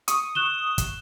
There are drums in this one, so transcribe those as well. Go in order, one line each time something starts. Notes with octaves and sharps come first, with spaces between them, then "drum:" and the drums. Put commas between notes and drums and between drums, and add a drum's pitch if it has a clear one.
C#6 D#6, drum: hi-hat
F#6 E7 G7
drum: kick, hi-hat